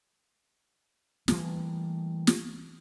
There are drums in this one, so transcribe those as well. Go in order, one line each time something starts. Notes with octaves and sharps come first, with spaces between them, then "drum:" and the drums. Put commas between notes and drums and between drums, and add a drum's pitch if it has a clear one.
E3 G3 A3 A#3, drum: snare
drum: snare